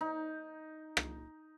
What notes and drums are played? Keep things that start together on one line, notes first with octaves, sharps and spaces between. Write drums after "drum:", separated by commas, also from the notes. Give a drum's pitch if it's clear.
D#4
drum: rim click